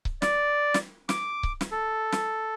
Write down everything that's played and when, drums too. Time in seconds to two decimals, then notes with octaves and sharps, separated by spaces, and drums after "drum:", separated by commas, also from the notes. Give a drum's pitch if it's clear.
0.05 drum: kick C#1
0.22 D5, drum: snare
0.74 drum: snare
1.09 D6, drum: snare
1.43 drum: kick C#1
1.61 drum: snare
1.71 A4
2.12 drum: snare